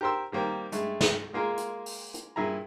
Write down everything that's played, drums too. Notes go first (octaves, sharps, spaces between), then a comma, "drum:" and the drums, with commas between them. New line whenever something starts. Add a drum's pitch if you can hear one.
G4 A#4 C5 C6 E6
D#3 G3 A#3 C4
G2 G#3 A3, drum: hi-hat
drum: snare
G#3 A#3 F4 G#4 A#4
drum: hi-hat
drum: open hi-hat
drum: hi-hat
G2 A#2 E4 G#4 A#5